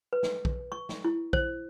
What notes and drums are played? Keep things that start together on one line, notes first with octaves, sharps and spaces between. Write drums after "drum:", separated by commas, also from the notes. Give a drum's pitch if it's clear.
B4
drum: snare
drum: kick
C#6
drum: snare
E4
C5, drum: kick